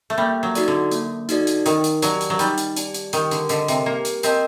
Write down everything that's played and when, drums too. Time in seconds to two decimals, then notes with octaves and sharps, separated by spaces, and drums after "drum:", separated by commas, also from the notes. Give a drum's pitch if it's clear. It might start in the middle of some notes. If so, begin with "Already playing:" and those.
0.10 A3
0.18 G3 A#3
0.43 F#3
0.55 D#4 F#4 A4 D5, drum: hi-hat
0.68 D3
0.92 A#3, drum: hi-hat
1.29 D#4 F#4 A4 D5, drum: hi-hat
1.47 drum: hi-hat
1.66 D#3 D#4, drum: hi-hat
1.84 drum: hi-hat
2.02 F#3 G4 D5 A5, drum: hi-hat
2.21 drum: hi-hat
2.30 F#3
2.39 G3 D#4, drum: hi-hat
2.58 drum: hi-hat
2.77 G4 D5 A5, drum: hi-hat
2.94 drum: hi-hat
3.13 D#3 G4, drum: hi-hat
3.31 D3, drum: hi-hat
3.49 D3 A#4 D#5 A5, drum: hi-hat
3.68 C3, drum: hi-hat
3.86 A#3 G4
4.05 drum: hi-hat
4.23 C4 A#4 D#5 A5, drum: hi-hat